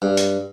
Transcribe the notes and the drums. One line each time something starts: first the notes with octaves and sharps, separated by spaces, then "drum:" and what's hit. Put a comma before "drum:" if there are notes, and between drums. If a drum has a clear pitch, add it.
G2
drum: hi-hat